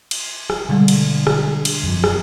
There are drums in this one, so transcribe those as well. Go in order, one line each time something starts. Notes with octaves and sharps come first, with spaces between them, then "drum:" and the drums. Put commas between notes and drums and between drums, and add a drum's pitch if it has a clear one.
drum: cymbal
drum: rim click
B2 D3 G3 G#3
drum: cymbal
drum: rim click
drum: cymbal
F#2 F3
drum: rim click